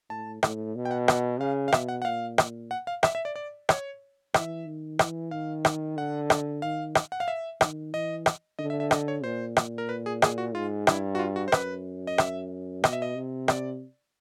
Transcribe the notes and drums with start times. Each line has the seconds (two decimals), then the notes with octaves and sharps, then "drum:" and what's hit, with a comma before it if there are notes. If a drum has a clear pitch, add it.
0.09 A2 A5
0.43 A2, drum: rim click
0.75 B2
0.85 G5
0.91 F#5
1.08 F#5, drum: rim click
1.40 C#3 F5
1.68 F5
1.72 B2 E5, drum: rim click
1.89 F#5
2.02 F#5
2.05 A#2 F5
2.38 drum: rim click
2.71 F#5
2.87 F5
3.03 E5, drum: rim click
3.15 E5
3.25 D5
3.36 D5
3.69 C#5, drum: rim click
4.34 E3 E5, drum: rim click
4.66 D#3
4.99 E3, drum: rim click
5.31 D#3 F5
5.65 drum: rim click
5.97 D3 F#5
6.30 drum: rim click
6.62 D#3 F5
6.95 drum: rim click
7.12 F#5
7.20 F5
7.28 E5
7.61 D#3, drum: rim click
7.93 E3 D#5
8.26 drum: rim click
8.59 D3 D#5
8.70 E5
8.80 E5
8.91 D#5, drum: rim click
9.08 C#5
9.24 A#2 C5
9.56 drum: rim click
9.78 A#4
9.89 B4
10.06 G#4
10.22 G#4, drum: rim click
10.38 F#4
10.54 G#2 F4
10.87 G2 E4, drum: rim click
11.15 F#4
11.19 F4
11.36 F#4
11.48 C5
11.52 F#2 B4, drum: rim click
12.07 D#5
12.18 E5, drum: rim click
12.84 B2 D#5, drum: rim click
12.93 E5
13.02 D#5
13.15 C3
13.48 D5, drum: rim click